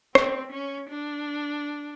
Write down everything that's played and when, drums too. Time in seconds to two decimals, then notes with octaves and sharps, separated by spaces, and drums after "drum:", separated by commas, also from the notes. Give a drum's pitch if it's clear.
0.15 C4, drum: rim click
0.52 C#4
0.89 D4